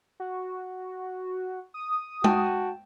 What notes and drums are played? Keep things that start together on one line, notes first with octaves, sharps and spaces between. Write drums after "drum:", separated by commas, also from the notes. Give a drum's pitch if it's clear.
F#4
D#6
F#4 G5 A5, drum: tom G#3